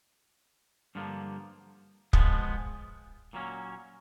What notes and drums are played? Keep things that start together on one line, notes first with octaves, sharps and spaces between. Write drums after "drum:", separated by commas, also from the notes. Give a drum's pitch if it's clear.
G2 D3 F3 A#3
F3 G#3 B3, drum: kick
A#2 F#3 A#3 C#4